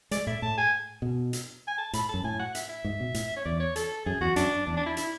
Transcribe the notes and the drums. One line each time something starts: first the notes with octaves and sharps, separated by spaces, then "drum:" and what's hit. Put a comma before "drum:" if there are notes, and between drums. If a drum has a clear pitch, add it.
G#3 D5, drum: hi-hat
A2 E5
A2 A5
G#5
B2
drum: hi-hat
G#5
A5
A2 B5, drum: hi-hat
A5
F#2
A2 G#5
F#5
E5, drum: hi-hat
E5
G#2
B2
A2, drum: hi-hat
C#5
E2 D5
C#5
A4, drum: hi-hat
F#2 G#4
E2 F#4
F#2 D4, drum: hi-hat
E2 D4
D4
E4
E4, drum: hi-hat